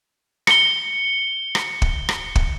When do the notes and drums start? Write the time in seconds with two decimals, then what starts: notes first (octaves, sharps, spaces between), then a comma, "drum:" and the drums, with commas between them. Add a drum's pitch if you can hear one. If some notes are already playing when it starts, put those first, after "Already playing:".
0.47 C#7 G7, drum: rim click
1.55 drum: rim click
1.82 drum: kick
2.09 drum: rim click
2.35 drum: kick